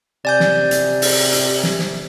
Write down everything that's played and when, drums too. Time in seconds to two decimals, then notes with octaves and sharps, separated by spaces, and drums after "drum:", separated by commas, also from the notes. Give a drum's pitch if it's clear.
0.25 C3 D5 G#5 G6
0.40 drum: snare
0.71 drum: hi-hat
1.02 drum: open hi-hat
1.33 drum: hi-hat
1.63 drum: snare
1.79 drum: snare